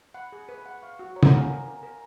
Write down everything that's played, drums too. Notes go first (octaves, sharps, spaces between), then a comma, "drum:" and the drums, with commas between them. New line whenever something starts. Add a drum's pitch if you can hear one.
F#5 B5
G#4
B4
F#5
F5 C#6
F#4
C#5 A#5
F#5, drum: tom
G#5
F5
G#5
A#4 G#5
A#4
A#4